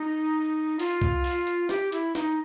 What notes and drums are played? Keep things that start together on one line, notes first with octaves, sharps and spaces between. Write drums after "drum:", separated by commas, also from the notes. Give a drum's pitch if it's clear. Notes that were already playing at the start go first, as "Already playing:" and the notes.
Already playing: D#4
F4, drum: open hi-hat
drum: kick C2
drum: open hi-hat
drum: hi-hat
G4, drum: snare
E4, drum: hi-hat
D#4, drum: snare